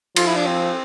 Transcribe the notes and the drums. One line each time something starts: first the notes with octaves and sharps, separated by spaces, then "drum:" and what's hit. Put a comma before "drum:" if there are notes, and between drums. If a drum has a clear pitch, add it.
F3 F4, drum: cymbal
E4
D4
C4